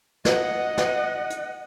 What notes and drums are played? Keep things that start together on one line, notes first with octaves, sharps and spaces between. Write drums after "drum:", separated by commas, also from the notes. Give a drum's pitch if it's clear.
D#5 F#5, drum: snare
drum: snare
drum: hi-hat